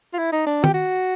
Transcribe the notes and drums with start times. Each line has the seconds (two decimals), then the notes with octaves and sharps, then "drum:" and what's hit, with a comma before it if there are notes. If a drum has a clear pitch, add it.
0.14 F4
0.18 E4
0.32 D#4
0.46 D4
0.64 G4, drum: tom
0.74 F#4